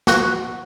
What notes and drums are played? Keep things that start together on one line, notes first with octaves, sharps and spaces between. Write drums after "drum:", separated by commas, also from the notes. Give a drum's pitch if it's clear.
F#4, drum: snare